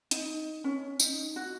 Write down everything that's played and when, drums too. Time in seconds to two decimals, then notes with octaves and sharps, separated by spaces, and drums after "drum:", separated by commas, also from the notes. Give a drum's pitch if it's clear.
0.11 D#4, drum: hi-hat
0.64 C#4
1.00 D#4, drum: tambourine
1.36 F#4